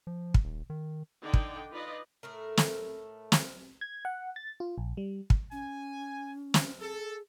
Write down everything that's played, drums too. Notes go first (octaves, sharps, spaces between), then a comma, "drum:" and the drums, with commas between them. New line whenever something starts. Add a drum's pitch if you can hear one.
F3
drum: kick
D#1
D#3
D3 D#4 D5 G5
drum: kick
D#4 F4 B4 D5 D#5
A2 A3 A#4
drum: snare
drum: snare
G#6
F#5
A6
F4
A#1
G3
drum: kick
C#4 G#5
drum: snare
G#4 A4